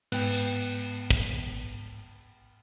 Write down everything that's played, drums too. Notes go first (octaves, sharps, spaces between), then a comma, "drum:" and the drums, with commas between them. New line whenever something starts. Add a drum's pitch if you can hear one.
G#2 B3 G5 F#6, drum: cymbal
drum: tambourine
drum: kick